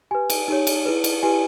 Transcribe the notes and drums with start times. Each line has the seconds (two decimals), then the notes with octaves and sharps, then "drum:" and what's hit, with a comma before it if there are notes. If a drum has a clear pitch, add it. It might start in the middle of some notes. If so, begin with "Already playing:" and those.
0.11 G4 B4 G#5
0.30 drum: cymbal
0.48 D#4 G4 C#5
0.67 drum: cymbal
0.86 E4 G#4 B4
1.04 drum: cymbal
1.23 E4 G4 B4 G#5